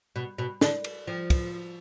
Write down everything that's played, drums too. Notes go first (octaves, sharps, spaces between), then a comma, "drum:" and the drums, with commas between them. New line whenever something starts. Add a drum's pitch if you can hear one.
B2
B2
D3, drum: snare
drum: cymbal
F3
drum: kick, cymbal